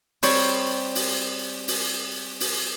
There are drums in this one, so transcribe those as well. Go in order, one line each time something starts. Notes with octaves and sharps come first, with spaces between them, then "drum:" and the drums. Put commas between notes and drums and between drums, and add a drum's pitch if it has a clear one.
G3 C4 C#5, drum: open hi-hat
drum: open hi-hat
drum: open hi-hat
drum: open hi-hat